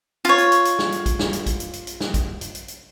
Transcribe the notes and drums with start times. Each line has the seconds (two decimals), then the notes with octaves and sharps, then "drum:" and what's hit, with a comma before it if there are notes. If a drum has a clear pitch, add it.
0.25 F4 C#5, drum: hi-hat
0.38 drum: hi-hat
0.52 drum: hi-hat
0.65 drum: hi-hat
0.79 drum: snare
0.92 drum: hi-hat
1.06 drum: kick A#1, hi-hat
1.19 drum: snare
1.33 drum: hi-hat
1.46 drum: kick A#1, hi-hat
1.60 drum: hi-hat
1.73 drum: hi-hat
1.87 drum: hi-hat
2.00 drum: snare
2.14 drum: kick A#1, hi-hat
2.41 drum: hi-hat
2.55 drum: hi-hat
2.68 drum: hi-hat